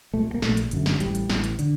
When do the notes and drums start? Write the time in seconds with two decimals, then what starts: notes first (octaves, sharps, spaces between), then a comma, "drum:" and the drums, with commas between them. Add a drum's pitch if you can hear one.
0.14 C2 A#2 A3
0.34 A#3
0.42 A#1 A#2 A3, drum: snare
0.57 drum: hi-hat
0.71 G1 F#2 D3, drum: hi-hat
0.86 drum: snare
1.00 A1 A2 G3, drum: hi-hat
1.15 drum: hi-hat
1.30 A1 A2, drum: snare
1.44 drum: hi-hat
1.59 D3, drum: hi-hat